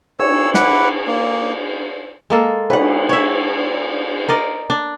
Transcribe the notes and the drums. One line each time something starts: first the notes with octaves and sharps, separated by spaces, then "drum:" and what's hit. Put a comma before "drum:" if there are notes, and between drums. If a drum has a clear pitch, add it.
C#5 E6, drum: cymbal
E4 B4 F#5 D6, drum: snare
A#3
G#3 A#3 A4
B4 F#5, drum: cymbal
C#5 E5
A#4 D5 D#5
D4